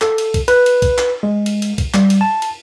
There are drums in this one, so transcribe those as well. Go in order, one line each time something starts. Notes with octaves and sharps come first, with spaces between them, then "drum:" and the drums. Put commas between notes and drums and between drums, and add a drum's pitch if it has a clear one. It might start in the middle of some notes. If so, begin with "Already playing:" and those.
A4, drum: clap
drum: cymbal
drum: kick B1, cymbal
B4, drum: cymbal
drum: cymbal
drum: kick B1, cymbal
drum: clap
G#3
drum: cymbal
drum: cymbal
drum: kick B1, cymbal
G3, drum: clap
drum: cymbal
A5
drum: cymbal